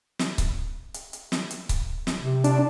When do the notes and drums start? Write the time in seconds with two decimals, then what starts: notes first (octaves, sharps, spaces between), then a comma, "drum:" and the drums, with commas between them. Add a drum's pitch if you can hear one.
0.19 drum: snare
0.38 drum: kick C#1, hi-hat
0.94 drum: hi-hat
1.13 drum: hi-hat
1.32 drum: snare
1.51 drum: hi-hat
1.69 drum: kick C#1, hi-hat
2.07 drum: snare
2.21 C3
2.44 D4, drum: hi-hat